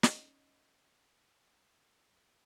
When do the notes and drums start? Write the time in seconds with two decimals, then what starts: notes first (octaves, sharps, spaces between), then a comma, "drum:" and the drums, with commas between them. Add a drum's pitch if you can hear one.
0.03 C#4 D#4 D#5, drum: snare